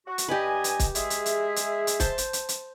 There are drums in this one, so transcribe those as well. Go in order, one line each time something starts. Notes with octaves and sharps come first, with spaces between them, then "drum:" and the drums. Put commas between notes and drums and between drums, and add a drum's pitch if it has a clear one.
F#4
drum: hi-hat
G2 G4 B4 D#5 G#5
drum: hi-hat
drum: kick, hi-hat
G#3 G#4 E5, drum: hi-hat
drum: hi-hat
drum: hi-hat
drum: hi-hat
drum: hi-hat
C5 A5, drum: kick, hi-hat
drum: hi-hat
drum: hi-hat
drum: hi-hat